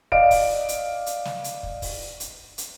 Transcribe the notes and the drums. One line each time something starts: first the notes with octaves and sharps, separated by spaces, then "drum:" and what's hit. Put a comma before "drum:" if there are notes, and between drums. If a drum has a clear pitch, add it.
D5 D#5 F5 D7, drum: kick
drum: kick, open hi-hat
drum: hi-hat
drum: hi-hat
drum: snare
drum: hi-hat
drum: kick
drum: kick, open hi-hat
drum: hi-hat
drum: hi-hat